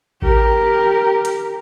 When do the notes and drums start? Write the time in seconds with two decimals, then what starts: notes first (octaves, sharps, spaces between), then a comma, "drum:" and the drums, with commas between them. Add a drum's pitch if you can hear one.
0.22 G4 A#4, drum: kick A1
1.25 drum: hi-hat